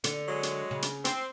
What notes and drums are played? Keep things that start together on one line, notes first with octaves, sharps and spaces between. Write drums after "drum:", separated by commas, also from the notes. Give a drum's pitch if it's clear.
D3, drum: hi-hat
F#3 G#3
drum: hi-hat
C#3
drum: hi-hat
C4, drum: hi-hat